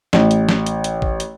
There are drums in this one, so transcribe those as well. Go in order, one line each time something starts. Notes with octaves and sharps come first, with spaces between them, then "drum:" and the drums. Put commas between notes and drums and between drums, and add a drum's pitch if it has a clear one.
A1, drum: snare
drum: hi-hat
drum: snare
drum: hi-hat
drum: hi-hat
drum: kick
drum: hi-hat